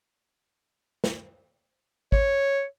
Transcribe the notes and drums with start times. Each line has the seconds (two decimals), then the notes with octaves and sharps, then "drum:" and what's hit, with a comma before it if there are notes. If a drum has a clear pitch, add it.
1.04 drum: snare
2.12 C#5, drum: kick